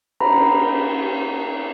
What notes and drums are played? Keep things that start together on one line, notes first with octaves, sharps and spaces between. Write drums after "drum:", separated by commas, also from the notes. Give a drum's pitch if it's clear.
A#5 B5, drum: cymbal